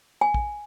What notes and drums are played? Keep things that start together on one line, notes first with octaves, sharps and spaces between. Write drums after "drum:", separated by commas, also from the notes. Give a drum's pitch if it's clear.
G#5
drum: kick A#1